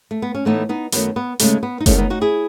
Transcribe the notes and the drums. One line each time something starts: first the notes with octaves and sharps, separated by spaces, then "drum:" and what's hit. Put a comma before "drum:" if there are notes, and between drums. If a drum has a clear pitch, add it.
A3
B3
C#4
A2 E3 A3 B3 D#4
B3 D#4
F#2 D#3 F#3 A3 B3, drum: hi-hat
B3
D#2 C#3 G#3 A3, drum: hi-hat
B3
D#4
E2 D#3 G#3 A3 C#4, drum: kick F#1, hi-hat
B3 D#4
D#4 F#4
E4 G#4